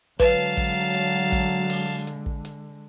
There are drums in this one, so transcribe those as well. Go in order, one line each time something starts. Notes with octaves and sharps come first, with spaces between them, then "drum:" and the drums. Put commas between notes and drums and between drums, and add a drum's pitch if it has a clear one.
D3 F#3 G#3 B4 F5 A5, drum: kick, hi-hat
drum: kick, hi-hat
drum: hi-hat
drum: kick, hi-hat
drum: open hi-hat
drum: hi-hat
drum: kick
drum: hi-hat